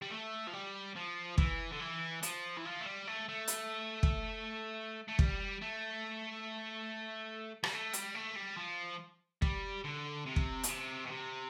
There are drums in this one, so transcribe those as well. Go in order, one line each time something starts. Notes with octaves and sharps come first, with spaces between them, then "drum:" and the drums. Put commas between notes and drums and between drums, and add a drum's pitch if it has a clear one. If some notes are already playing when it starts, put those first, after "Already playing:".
G3
A3
F3
G3
F3
E3, drum: kick
D3
E3
F3, drum: hi-hat
E3
F3
A3
G3
A3
A3
drum: hi-hat
drum: kick
A3
G3, drum: kick
A3
G3, drum: rim click
A3
G3, drum: hi-hat
A3
G3
F3
G3, drum: kick
D3
C3
drum: kick
B2, drum: hi-hat
C3
B2
C3